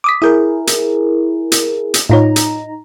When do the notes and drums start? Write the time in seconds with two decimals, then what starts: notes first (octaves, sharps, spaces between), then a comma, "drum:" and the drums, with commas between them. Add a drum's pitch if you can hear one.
0.04 D6 D#6 B6
0.22 E4 G#4 A#4 D#6 G6
0.67 drum: hi-hat
1.52 drum: hi-hat
1.94 drum: hi-hat
2.10 A2 D#4 F4 C#5 A#5
2.36 drum: hi-hat